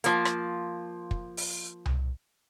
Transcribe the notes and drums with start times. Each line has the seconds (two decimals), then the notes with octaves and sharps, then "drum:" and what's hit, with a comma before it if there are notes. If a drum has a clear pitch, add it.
0.04 F3 A#3, drum: hi-hat
0.25 drum: rim click
1.11 drum: kick
1.37 drum: open hi-hat
1.86 drum: tom C2